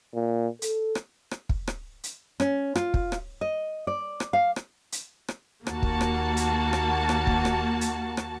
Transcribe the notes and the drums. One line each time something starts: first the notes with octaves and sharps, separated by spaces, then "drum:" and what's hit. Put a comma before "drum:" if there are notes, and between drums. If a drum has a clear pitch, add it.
A#2
A4, drum: hi-hat
drum: rim click
drum: rim click
drum: kick
drum: rim click
drum: hi-hat
C#4, drum: rim click
F4, drum: rim click
drum: kick
drum: rim click
D#5
D5
drum: rim click
F5
drum: rim click
drum: hi-hat
drum: rim click
D#2 A#3 F#4 A5, drum: rim click
drum: kick
drum: rim click
drum: hi-hat
drum: rim click
drum: rim click
drum: kick
drum: rim click
drum: hi-hat
drum: rim click